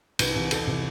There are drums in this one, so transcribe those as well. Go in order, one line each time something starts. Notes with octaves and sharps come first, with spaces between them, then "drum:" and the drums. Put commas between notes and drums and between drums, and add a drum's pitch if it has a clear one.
C2 B4, drum: cymbal
C3 E3
E2 A4, drum: cymbal
C3 E3